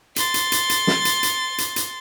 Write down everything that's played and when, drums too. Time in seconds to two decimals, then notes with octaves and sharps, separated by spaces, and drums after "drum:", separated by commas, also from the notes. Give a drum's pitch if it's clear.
0.16 C6 A6, drum: hi-hat
0.34 drum: hi-hat
0.52 drum: hi-hat
0.70 drum: hi-hat
0.87 drum: snare
1.05 drum: hi-hat
1.23 drum: hi-hat
1.58 drum: hi-hat
1.76 drum: hi-hat